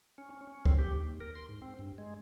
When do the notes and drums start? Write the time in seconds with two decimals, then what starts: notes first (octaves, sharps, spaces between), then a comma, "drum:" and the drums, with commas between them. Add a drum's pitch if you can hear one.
0.18 C#4
0.30 C#4
0.47 C#4
0.65 C4, drum: kick
0.79 G4
0.95 D#2
1.20 A#4
1.35 C6
1.49 G#2
1.62 C4
1.79 G2
1.98 G#3